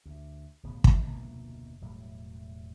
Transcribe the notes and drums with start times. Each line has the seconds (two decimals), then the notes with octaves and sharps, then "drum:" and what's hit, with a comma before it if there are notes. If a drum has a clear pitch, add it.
0.06 D2
0.63 D1 B1 A2 B3
0.84 D#1 A1 F3 G3, drum: kick
1.02 F1 D2 B2 A#3
1.81 E1 A2 F#3 G3